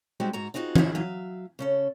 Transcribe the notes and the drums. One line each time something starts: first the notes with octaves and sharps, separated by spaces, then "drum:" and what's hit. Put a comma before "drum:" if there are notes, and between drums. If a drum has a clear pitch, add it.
G3 G#3 C4 D#4 F#4 G4
G#2 F#4 A#5
C4 D#4 F4 F#4 G#4
F3 C#4 D#4 E4, drum: tom E3
F#3 E5 F5
C#3 C#4 A4